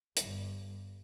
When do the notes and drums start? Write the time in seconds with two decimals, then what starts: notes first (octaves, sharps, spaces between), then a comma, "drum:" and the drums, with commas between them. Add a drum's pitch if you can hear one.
0.17 G1 G2, drum: hi-hat